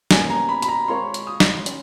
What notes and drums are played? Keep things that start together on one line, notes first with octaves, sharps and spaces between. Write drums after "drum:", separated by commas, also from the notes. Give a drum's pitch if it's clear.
B2 G3 A#3 C#4 G#5, drum: snare
A#5
B5
B5, drum: hi-hat
A#5
G#3 C4 F4 G#4 C#5 C6
drum: hi-hat
D#6
drum: snare
C#4, drum: hi-hat